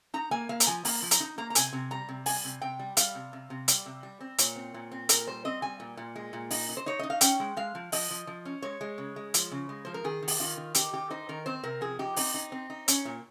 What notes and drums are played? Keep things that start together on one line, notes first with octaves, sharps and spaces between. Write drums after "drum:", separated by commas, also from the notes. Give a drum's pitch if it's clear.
D#4 A#5
A#3 G#5
A#3 F5
A#5, drum: hi-hat
F3 G#5
A#3 A#5, drum: open hi-hat
F3
A#5, drum: hi-hat
D#4
A#3 A#5
A#5
C3 G#5, drum: hi-hat
C3
G3 A#5
C3
G3 G#5, drum: open hi-hat
C3
C3 G5
G3
G3 F5, drum: hi-hat
C3
C3
C3
G3, drum: hi-hat
C3
G3
C4
A#2 C#5, drum: hi-hat
C4
A#2
C4
A#2 A#4, drum: hi-hat
G3 C5
C4 D#5
G3 G#5
A#2
A#2
G#3
A#2
D#4, drum: open hi-hat
D#4
C5
D#4 C#5
D#4 D#5
F5
C#4 G5, drum: hi-hat
G#3
G#3 F5
F3
F3 D#5, drum: open hi-hat
F3
F3
C#4
G#3 C#5
G#3
C#3
G#3
F3, drum: hi-hat
C#3
G#3
F3 C5
A#4
D#3 G#4
D#3
G4, drum: open hi-hat
D#3 F4
D#3
D#4 G4, drum: hi-hat
D#3 G4
D#4 C5
D#3 A#4
C4 C5
C3 A#4
F3 G#4
D#4 G4
C4 D#4, drum: open hi-hat
D#4
C4
D#4
C#4, drum: hi-hat
A#2